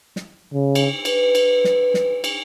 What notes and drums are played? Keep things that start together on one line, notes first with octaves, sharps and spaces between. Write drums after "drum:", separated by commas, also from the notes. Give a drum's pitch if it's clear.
drum: snare
C#3
drum: cymbal
B4, drum: cymbal
drum: cymbal
drum: snare
drum: snare
drum: cymbal